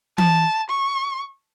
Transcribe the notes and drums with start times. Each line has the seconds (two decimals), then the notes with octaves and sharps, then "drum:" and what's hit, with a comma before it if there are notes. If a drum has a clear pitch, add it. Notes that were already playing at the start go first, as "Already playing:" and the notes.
0.18 A5, drum: tom E3
0.70 C#6